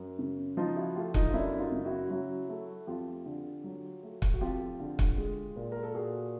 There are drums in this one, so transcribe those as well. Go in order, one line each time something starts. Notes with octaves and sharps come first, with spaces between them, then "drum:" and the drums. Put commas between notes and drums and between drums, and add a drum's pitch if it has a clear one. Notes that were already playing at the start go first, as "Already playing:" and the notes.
Already playing: F#2
C#3
F3 D#4 F4
E4 F#4
A3 F4 G4
D#4 F4, drum: kick
F4
F#2 D4 E4
D#4 F4
C#3
E4 F#4
F#3 E4 F#4
A3
F2 F4 G4
D3
F#3
A3
drum: kick
F#4
F2 F4 G4
D3
drum: kick
G#3
A#2
A#4
A4
A#2 F#4 G#4